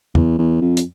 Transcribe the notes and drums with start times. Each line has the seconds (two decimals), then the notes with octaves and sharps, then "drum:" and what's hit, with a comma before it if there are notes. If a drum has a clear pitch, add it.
0.15 E2, drum: tom
0.38 E2
0.61 F2
0.77 drum: hi-hat